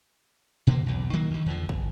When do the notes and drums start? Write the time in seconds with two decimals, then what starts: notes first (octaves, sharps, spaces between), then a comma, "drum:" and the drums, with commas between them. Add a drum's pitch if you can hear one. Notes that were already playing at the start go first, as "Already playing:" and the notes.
0.67 B2 D3 E3 A#3
0.86 B1 E2
1.13 D#3 F#3 A#3
1.31 D2 D#3
1.46 E2 D3 F3
1.69 G1, drum: kick